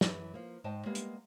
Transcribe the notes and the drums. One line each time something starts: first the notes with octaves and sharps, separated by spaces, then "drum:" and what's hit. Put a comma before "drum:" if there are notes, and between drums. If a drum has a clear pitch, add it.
F#2 E3, drum: snare
F3 A#3
G#2 C5 D#5 G5 A5
G3 G#3 A#3 B3
drum: hi-hat